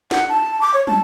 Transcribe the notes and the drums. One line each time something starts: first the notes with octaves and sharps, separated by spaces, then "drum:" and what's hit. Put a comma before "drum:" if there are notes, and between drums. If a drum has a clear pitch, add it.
F#5, drum: snare
A5
D6
C#5
A5, drum: tom